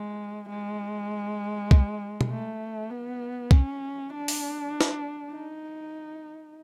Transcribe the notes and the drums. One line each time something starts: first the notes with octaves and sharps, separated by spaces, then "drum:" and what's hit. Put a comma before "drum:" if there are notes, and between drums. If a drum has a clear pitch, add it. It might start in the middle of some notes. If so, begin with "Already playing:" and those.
Already playing: G#3
G#3
drum: kick
drum: tom B2
A3
B3
C#4, drum: kick
D4
drum: open hi-hat
drum: snare
D#4